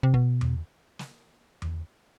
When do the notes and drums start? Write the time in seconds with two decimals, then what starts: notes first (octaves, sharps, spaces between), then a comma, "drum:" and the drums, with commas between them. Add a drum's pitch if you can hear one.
0.03 C3
0.14 B2, drum: kick
0.41 drum: tom E2
0.99 drum: snare
1.62 drum: tom E2